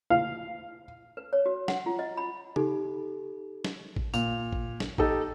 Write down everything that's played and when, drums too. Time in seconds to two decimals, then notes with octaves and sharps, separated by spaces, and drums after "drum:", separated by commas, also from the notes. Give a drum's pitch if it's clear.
0.10 F5
1.17 B4
1.33 C#5
1.46 F#4
1.68 F#5, drum: snare
1.86 F4
1.99 D#5
2.17 B5
2.56 D#4 G4 A4, drum: tom C#3
3.65 drum: snare
3.96 drum: kick A1
4.14 A#2 F7, drum: tambourine
4.53 drum: kick A1
4.80 drum: snare
4.98 D#4 G4 A4, drum: kick A1